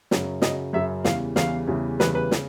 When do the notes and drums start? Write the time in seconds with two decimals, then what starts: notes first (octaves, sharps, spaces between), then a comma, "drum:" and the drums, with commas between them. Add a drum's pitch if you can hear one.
0.11 F#2 C#3 F#3, drum: snare
0.42 F#2 C#3 F#3 D#5, drum: snare
0.73 F#2 C#3 F#3 E5
1.04 E2 C#3 E3 G3 F5, drum: snare
1.36 E2 C#3 E3 G3 F5, drum: snare
1.67 E2 C#3 E3 G3
2.00 E2 C#3 E3 G3 B4, drum: snare
2.15 B4
2.31 C#3, drum: snare